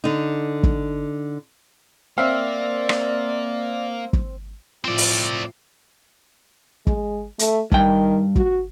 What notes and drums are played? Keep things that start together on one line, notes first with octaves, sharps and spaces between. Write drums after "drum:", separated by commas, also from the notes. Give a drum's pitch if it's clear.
D3 D#4
drum: kick
A#3 C4 D5 E5 F5
drum: rim click
drum: kick
A2 F3 C4 D5
drum: open hi-hat
G#3, drum: kick
A3, drum: hi-hat
G2 D#3 G5, drum: kick
F#4, drum: kick